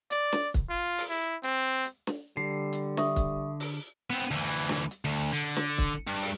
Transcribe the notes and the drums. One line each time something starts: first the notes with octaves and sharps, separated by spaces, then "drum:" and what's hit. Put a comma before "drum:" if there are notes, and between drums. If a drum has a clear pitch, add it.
D5, drum: hi-hat
drum: snare
drum: kick, hi-hat
F4
drum: open hi-hat
E4
C4, drum: hi-hat
drum: hi-hat
drum: snare
D3 G3 C7
drum: hi-hat
E5 C#6 D#6, drum: snare
drum: kick, hi-hat
drum: open hi-hat
B3 C4
D2 E3
drum: hi-hat
drum: snare
drum: hi-hat
D2
D3, drum: hi-hat
drum: snare
drum: kick, hi-hat
G2
drum: open hi-hat